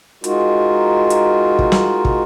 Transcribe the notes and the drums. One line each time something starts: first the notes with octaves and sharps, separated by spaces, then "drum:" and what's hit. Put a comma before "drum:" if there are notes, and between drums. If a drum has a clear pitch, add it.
G#3 D#4 F4 F#4 A#4, drum: hi-hat
drum: hi-hat
drum: kick
drum: snare
drum: kick